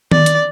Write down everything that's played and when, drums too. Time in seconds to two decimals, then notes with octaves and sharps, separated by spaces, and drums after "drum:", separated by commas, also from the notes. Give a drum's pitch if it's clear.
0.11 D5, drum: tom D#3
0.26 drum: hi-hat